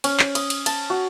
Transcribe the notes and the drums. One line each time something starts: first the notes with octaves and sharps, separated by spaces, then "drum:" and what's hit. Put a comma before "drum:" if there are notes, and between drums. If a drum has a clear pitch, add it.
C#4, drum: cymbal
drum: clap
D#6, drum: cymbal
drum: cymbal
A5, drum: cymbal
F#4